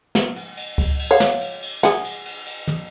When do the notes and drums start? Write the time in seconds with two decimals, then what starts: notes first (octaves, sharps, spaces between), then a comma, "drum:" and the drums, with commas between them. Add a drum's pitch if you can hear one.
0.15 drum: snare
0.36 drum: cymbal
0.57 drum: cymbal
0.78 drum: kick C#2, cymbal
0.99 drum: cymbal
1.11 C#5 F5 F#5
1.20 drum: snare
1.41 drum: cymbal
1.62 drum: cymbal
1.83 G#4 F#5, drum: snare
2.04 drum: cymbal
2.25 drum: cymbal
2.46 drum: cymbal
2.68 drum: tom